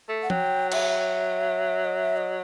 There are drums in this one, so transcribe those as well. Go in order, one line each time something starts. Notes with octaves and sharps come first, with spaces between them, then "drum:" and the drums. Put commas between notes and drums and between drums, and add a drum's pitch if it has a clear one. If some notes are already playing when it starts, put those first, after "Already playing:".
A3
F#5
F#3 G5, drum: tom
E5, drum: cymbal
D#5
E5
D#5